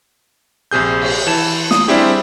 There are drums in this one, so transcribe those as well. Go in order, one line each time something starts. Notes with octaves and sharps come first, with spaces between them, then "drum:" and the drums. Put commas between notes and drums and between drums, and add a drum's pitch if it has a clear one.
A#1 C3 G#4 G6
drum: cymbal
E3 A5 E7
D#6, drum: snare
G3 C4 D4 E4 G4 G#4